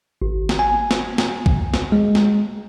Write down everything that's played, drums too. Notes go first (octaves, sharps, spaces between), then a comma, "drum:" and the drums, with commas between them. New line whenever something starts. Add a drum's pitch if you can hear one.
G#1
drum: snare
G#5
drum: snare
drum: snare
drum: kick
drum: snare
G#3
drum: snare